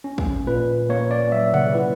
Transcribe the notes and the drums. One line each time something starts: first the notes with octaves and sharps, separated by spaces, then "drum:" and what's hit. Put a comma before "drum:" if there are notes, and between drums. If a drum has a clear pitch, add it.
C#4
drum: kick
A#2 B4
A#3 C#5
D5
F#3 E5
F#5, drum: tom C3
E4 B4